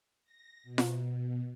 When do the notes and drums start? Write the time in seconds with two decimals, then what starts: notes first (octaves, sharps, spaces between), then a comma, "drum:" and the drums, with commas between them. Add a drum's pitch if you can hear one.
0.25 A#6
0.64 B2
0.78 drum: snare F4